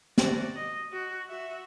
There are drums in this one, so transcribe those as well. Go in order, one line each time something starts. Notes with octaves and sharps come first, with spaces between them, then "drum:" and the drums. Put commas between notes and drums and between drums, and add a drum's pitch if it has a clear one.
F#4 D5, drum: snare
D#5
F#4
F#4 E5